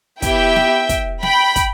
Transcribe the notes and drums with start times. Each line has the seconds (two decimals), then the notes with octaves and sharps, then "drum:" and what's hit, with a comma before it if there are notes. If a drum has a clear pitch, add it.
0.22 B3 E4 G4 E5 G5, drum: kick, hi-hat
0.56 drum: snare
0.89 drum: kick, hi-hat
1.23 G5 B5, drum: snare
1.56 drum: kick, hi-hat